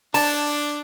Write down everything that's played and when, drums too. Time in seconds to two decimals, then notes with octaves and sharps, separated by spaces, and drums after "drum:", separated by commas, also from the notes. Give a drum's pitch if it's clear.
0.14 D4 A5, drum: open hi-hat